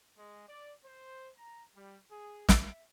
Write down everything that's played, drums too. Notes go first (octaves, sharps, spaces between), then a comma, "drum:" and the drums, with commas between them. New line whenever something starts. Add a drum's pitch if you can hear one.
G#3
D5
C5
A#5
G3
G#4
E5, drum: snare